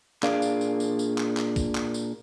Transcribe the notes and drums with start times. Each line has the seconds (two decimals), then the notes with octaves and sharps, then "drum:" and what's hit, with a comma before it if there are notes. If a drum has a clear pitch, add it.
0.23 A#2 D4 G#4 A#4 D5 F5, drum: clap
0.42 drum: tambourine
0.61 drum: tambourine
0.80 drum: tambourine
0.99 drum: tambourine
1.18 drum: clap
1.37 drum: clap
1.56 drum: kick B1, tambourine
1.75 drum: clap
1.94 drum: tambourine